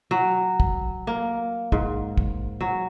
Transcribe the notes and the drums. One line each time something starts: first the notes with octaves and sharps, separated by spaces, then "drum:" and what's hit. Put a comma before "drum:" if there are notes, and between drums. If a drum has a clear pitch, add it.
F#3
drum: kick
A#3
G#2, drum: kick
drum: kick
F#3